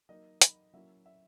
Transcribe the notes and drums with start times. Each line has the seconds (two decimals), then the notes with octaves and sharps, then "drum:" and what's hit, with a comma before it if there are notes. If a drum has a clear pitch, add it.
0.09 F#3 A#3 D#4 D#5
0.42 B5, drum: hi-hat
0.74 F#3 A#3 C#4 E4 E5
1.06 E5